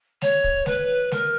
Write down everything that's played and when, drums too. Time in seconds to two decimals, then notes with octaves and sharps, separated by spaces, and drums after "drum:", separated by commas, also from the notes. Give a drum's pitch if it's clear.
0.22 C#5, drum: snare G#3
0.44 drum: kick
0.66 B4, drum: snare G#3
1.12 A#4, drum: snare G#3